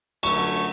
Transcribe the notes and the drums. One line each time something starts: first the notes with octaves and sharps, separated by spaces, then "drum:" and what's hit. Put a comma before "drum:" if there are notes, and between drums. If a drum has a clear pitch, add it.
F#2 D3 F#3 A3 C#6, drum: cymbal